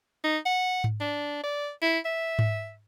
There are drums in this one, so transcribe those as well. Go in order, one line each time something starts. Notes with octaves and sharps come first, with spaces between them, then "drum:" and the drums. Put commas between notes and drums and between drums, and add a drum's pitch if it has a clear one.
D#4
F#5
drum: tom G#2
D4
D5
E4
E5
drum: tom G#2